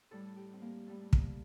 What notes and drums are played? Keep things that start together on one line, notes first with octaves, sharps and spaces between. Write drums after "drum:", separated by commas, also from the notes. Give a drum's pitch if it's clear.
A2 G3 A4
G4
C4
A#3
A2 G3 A3
A#3, drum: kick